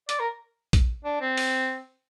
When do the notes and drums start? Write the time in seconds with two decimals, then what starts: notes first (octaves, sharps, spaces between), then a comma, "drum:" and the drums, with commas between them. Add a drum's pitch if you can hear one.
0.09 D5, drum: hi-hat
0.20 A#4
0.73 drum: kick A#1, hi-hat
1.05 D4
1.21 C4
1.37 drum: open hi-hat